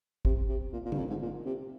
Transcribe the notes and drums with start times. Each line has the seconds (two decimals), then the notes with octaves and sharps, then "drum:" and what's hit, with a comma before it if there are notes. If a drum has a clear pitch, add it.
0.25 C3, drum: kick
0.49 C3
0.73 A#2
0.86 A#2
0.92 G2, drum: tom D3
0.98 F2
1.10 G#2
1.22 A#2
1.45 C3